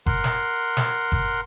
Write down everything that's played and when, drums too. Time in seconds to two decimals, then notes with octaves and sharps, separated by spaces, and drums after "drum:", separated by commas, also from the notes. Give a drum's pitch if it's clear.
0.06 A#4 F#5 C6, drum: kick F#1
0.24 drum: snare
0.77 drum: snare
1.12 drum: kick F#1